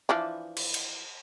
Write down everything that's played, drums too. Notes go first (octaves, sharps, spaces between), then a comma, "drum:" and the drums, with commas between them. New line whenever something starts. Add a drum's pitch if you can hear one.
E3 F3 D4
drum: cymbal
drum: cymbal